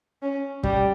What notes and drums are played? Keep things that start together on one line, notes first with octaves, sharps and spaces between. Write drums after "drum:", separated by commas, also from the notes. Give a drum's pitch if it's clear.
C#4
G3, drum: kick